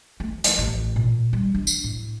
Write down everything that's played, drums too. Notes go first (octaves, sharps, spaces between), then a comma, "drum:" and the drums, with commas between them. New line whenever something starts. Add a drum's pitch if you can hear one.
A3
F3, drum: hi-hat
A1
A#2
G3
D4
drum: tambourine
A2